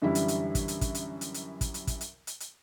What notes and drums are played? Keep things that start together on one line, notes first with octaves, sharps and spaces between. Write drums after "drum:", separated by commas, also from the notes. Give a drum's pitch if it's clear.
F#2 D3 E3 G3 E4
drum: hi-hat
drum: hi-hat
drum: kick, hi-hat
drum: hi-hat
drum: kick, hi-hat
drum: hi-hat
drum: hi-hat
drum: hi-hat
drum: kick, hi-hat
drum: hi-hat
drum: kick, hi-hat
drum: hi-hat
drum: hi-hat
drum: hi-hat